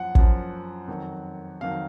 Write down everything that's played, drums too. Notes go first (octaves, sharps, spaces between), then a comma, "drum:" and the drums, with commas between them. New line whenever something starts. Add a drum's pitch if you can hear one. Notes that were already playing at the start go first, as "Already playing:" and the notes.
Already playing: F#2 F3 F#5
F#2 F3, drum: kick
F2 D#3 F#3
F2 D#3 F#3 F5